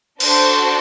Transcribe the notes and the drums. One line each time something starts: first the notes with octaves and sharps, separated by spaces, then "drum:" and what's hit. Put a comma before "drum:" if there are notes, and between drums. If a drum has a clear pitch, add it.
D4 F#4 A4 C5, drum: cymbal